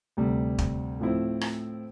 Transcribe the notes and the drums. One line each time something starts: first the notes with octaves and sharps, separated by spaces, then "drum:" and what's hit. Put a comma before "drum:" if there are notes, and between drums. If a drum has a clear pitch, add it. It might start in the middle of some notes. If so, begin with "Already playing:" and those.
D2 C3 G3
drum: kick
A2 F3 C4 E4
drum: rim click